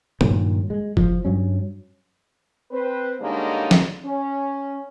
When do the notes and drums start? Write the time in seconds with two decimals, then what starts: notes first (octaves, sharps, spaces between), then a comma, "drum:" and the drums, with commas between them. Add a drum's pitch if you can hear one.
0.21 G2 A#2 D#3 F#3, drum: tom C3
0.70 G#3
0.97 F3, drum: kick F#1
1.25 G2 F#3 C#4
2.71 C4 B4 C5
3.20 D3 G3 G#3 A#3 C#4 D#4
3.71 drum: snare
4.05 C#4